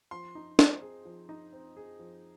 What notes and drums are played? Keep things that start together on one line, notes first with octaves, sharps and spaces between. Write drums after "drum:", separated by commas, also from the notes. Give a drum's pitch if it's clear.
F3 C6
D#4
C4, drum: snare
G#4
F3
D#4
C4
G#4
F3